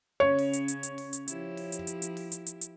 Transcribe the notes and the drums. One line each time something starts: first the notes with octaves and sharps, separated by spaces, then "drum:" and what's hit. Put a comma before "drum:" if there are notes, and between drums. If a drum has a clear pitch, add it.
C#3 C#4 C#5
drum: open hi-hat
drum: hi-hat
drum: hi-hat
drum: hi-hat
drum: open hi-hat
drum: hi-hat
F3 E4 G4, drum: hi-hat
drum: open hi-hat
drum: hi-hat
drum: hi-hat
drum: hi-hat
drum: open hi-hat
drum: hi-hat
drum: hi-hat
drum: hi-hat